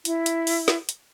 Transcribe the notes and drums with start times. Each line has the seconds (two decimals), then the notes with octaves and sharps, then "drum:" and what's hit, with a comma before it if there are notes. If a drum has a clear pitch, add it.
0.05 E4, drum: hi-hat
0.26 drum: hi-hat
0.47 drum: open hi-hat
0.68 drum: snare
0.89 drum: hi-hat